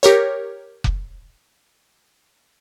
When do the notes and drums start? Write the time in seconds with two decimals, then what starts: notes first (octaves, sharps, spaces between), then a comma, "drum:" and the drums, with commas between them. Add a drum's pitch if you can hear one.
0.03 G4 A#4 C#5, drum: hi-hat
0.84 drum: kick F1